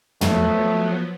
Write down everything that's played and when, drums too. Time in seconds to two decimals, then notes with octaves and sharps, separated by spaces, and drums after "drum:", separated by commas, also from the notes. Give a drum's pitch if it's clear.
0.21 F3 F#3 A3 B3, drum: tom